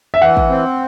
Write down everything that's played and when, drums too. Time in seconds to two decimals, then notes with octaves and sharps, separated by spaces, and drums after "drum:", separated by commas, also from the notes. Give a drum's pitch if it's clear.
0.14 E5
0.21 E3 F#5
0.37 drum: kick
0.50 C4